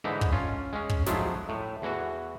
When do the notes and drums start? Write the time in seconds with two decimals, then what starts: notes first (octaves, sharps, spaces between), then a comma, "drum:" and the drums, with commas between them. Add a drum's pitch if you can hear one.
0.04 G#2 D3 E3 D#4 E4
0.21 drum: kick
0.32 C#4 F4
0.73 G#3 C#4
0.89 drum: kick
1.06 F3 F#3 G#3 A3 E4 F4, drum: snare
1.49 A2
1.82 E2 E3 F#4